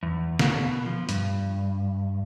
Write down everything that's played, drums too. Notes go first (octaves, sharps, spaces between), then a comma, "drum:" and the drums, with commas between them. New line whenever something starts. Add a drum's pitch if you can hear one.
E2
B2, drum: snare
F3
G2, drum: hi-hat